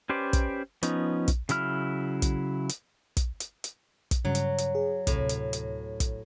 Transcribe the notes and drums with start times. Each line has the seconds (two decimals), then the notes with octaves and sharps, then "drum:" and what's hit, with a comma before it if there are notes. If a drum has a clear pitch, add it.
0.09 C#4 G4 B4 C5 D5
0.33 drum: kick, hi-hat
0.83 F3 B3 C#4 D#4, drum: hi-hat
1.28 drum: kick, hi-hat
1.49 C#3 F#3 E4 F6, drum: hi-hat
2.22 drum: kick, hi-hat
2.69 drum: hi-hat
3.17 drum: kick, hi-hat
3.40 drum: hi-hat
3.64 drum: hi-hat
4.11 drum: kick, hi-hat
4.25 G2 C#3 F#3
4.35 drum: hi-hat
4.58 drum: hi-hat
4.75 G#4
5.07 D2 A2 C3, drum: kick, hi-hat
5.29 drum: hi-hat
5.53 drum: hi-hat
6.00 drum: kick, hi-hat